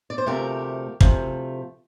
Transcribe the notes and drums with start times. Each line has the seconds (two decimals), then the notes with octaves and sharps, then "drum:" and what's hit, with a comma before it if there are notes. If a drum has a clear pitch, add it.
0.10 D5
0.18 C5
0.26 D2 C3 F3 A3 G4 A#4
1.01 D2 C3 F3 A3, drum: kick